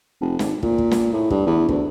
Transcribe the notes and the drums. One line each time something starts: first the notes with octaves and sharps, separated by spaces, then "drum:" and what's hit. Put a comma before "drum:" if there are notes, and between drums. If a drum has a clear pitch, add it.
F1
G#1, drum: snare
A#2, drum: kick
drum: kick
drum: snare
A2
G2, drum: kick
E2
D2, drum: kick